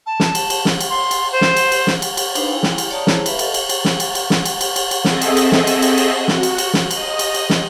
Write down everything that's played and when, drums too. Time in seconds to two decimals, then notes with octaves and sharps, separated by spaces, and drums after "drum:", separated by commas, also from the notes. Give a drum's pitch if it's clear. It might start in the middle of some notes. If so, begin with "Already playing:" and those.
0.06 A5
0.20 drum: snare
0.35 drum: cymbal
0.50 drum: cymbal
0.65 drum: snare
0.80 drum: cymbal
0.90 C6
1.11 drum: cymbal
1.32 C5
1.41 drum: snare
1.57 drum: cymbal
1.72 drum: cymbal
1.87 drum: snare
2.02 drum: cymbal
2.17 drum: cymbal
2.35 D4 D#4 B4 C5 F5 B5, drum: cymbal
2.51 E4 G5 G#5
2.63 drum: snare
2.78 drum: cymbal
2.91 C#5 D5 A5 A#5 D#6
3.07 E4 G#4 C5 C#5 A5 A#5, drum: snare
3.26 B4 E5 F5 B5, drum: cymbal
3.39 A4 D#5 F5 F#5 A5, drum: cymbal
3.54 drum: cymbal
3.69 drum: cymbal
3.85 drum: snare
4.00 drum: cymbal
4.15 drum: cymbal
4.30 drum: snare
4.45 drum: cymbal
4.61 drum: cymbal
4.76 drum: cymbal
4.91 drum: cymbal
5.05 C4 G#4 A4 D#5 E5, drum: snare
5.21 drum: cymbal
5.37 drum: cymbal
5.52 drum: snare
5.67 drum: cymbal
5.82 drum: cymbal
5.98 drum: cymbal
6.19 F#4
6.28 drum: snare
6.43 drum: cymbal
6.58 drum: cymbal
6.74 drum: snare
6.91 D#5, drum: cymbal
7.19 drum: cymbal
7.34 drum: cymbal
7.50 drum: snare